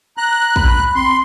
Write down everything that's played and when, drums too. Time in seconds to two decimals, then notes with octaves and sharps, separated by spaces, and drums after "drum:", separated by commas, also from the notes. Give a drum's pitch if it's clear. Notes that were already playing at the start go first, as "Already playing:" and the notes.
0.18 A#5 F#6
0.56 B5, drum: kick
0.95 C4 C6